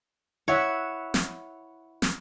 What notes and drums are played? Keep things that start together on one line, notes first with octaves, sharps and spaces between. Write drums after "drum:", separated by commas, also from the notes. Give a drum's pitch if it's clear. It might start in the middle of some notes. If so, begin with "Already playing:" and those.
E4 C#5 E5 F#5
drum: snare
drum: snare